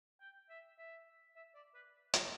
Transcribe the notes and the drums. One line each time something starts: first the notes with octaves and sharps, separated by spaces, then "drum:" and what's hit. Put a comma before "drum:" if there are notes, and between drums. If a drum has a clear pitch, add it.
G5
E5
E5
E5
D5
B4
drum: hi-hat